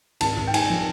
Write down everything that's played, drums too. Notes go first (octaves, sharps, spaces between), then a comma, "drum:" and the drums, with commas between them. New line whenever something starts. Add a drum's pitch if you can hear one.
G#1 A5, drum: cymbal
G#1
G5
G#2 G#5, drum: cymbal
F3